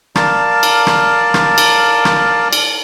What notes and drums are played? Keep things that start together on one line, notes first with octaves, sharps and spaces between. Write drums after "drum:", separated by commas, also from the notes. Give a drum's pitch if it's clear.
A#4 D5 F5 A5, drum: rim click
drum: cymbal
drum: rim click
drum: rim click
drum: cymbal
drum: rim click
drum: cymbal